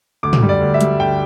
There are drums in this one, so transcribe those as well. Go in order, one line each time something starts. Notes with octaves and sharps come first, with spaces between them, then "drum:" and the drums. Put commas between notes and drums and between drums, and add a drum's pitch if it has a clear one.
D2 D6
drum: tom
G3
D5
D2
E5
G3, drum: hi-hat
D2 G5